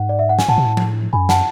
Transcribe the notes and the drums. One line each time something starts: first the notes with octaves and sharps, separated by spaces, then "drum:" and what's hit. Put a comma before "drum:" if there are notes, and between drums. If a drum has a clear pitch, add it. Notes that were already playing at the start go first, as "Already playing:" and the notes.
Already playing: G#2 F#5
D5
E5
F#5
G#5, drum: snare
A2 F#5 A5
B2
A2
drum: tom F3
F#2 G#5 B5
F#5 A5, drum: snare